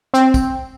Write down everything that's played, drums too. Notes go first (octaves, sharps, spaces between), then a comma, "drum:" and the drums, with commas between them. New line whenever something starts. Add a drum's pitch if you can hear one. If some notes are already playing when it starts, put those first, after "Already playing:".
C4
drum: kick, tambourine